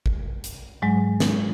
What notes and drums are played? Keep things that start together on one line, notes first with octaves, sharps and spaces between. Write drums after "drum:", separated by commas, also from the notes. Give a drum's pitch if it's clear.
drum: kick
drum: hi-hat
G#2 F#3 G#3
drum: snare